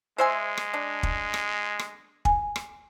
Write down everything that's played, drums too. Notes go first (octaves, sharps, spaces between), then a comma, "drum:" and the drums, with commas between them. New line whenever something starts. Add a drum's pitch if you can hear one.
G#3 C5 E5 G#5
drum: rim click
D4
drum: kick
drum: rim click
drum: rim click
G#5, drum: kick
drum: rim click